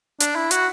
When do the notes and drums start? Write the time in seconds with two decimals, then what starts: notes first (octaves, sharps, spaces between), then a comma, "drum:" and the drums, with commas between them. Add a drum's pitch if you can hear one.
0.20 D4, drum: hi-hat
0.35 E4
0.51 F#4, drum: hi-hat